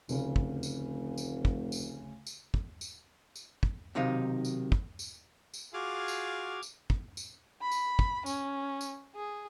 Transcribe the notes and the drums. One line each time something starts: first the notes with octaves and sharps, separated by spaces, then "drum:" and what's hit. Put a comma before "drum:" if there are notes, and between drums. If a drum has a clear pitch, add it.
F1 D2 C#3, drum: tambourine
drum: kick
drum: tambourine
drum: tambourine
drum: kick
drum: tambourine
drum: tambourine
drum: kick
drum: tambourine
drum: tambourine
drum: kick
B1 C3 D#3 D#4 F5
drum: tambourine
drum: kick
drum: tambourine
drum: tambourine
F4 F#4 G#4 D6 F6 G#6
drum: tambourine
drum: tambourine
drum: kick
drum: tambourine
B5
drum: tambourine
drum: kick
C#4, drum: tambourine
drum: tambourine
G#4